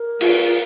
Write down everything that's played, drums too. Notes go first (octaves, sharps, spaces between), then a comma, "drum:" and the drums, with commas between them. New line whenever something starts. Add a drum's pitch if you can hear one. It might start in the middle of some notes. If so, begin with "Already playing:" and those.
Already playing: A#4
F4, drum: cymbal